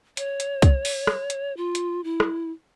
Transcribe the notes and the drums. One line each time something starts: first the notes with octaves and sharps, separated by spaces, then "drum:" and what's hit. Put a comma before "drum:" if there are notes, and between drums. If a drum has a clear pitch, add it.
C#5, drum: hi-hat
drum: hi-hat
drum: kick, hi-hat
drum: open hi-hat
drum: rim click
drum: hi-hat
F4
drum: hi-hat
E4
drum: rim click